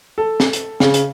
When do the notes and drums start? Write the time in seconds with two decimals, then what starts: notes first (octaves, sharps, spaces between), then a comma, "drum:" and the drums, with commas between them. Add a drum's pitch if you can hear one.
0.18 A4
0.40 drum: snare
0.53 drum: hi-hat
0.80 C#3, drum: snare
0.94 drum: hi-hat